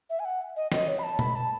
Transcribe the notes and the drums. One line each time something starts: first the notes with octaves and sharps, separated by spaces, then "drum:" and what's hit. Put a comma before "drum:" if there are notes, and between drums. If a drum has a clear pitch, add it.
E5
G#5
F#5
D#5
D#5, drum: snare
C#5
B5
A5
B5, drum: tom B2
A5